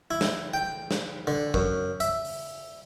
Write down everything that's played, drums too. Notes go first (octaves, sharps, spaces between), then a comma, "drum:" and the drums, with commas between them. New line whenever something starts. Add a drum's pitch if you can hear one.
E4
drum: snare
G5
drum: snare
D3
F#2, drum: kick
E5, drum: hi-hat
drum: open hi-hat